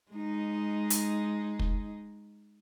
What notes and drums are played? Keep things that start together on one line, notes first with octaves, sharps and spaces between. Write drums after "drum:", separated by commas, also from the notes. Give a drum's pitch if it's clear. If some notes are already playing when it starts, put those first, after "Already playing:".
G#3 D#4
drum: hi-hat
drum: kick